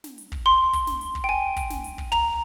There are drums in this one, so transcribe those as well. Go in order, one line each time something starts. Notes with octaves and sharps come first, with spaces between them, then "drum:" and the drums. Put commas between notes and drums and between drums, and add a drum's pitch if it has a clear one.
drum: snare
drum: hi-hat
drum: kick
C6
drum: kick, hi-hat
drum: snare
drum: hi-hat
drum: kick
G5
G#5
drum: kick, hi-hat
drum: snare
drum: hi-hat
drum: kick
A#5, drum: tom